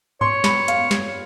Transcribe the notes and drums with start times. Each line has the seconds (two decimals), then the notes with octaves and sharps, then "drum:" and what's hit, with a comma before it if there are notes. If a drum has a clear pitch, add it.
0.21 C#5 C6, drum: tom G2
0.44 B5, drum: snare
0.68 F5, drum: hi-hat
0.91 drum: snare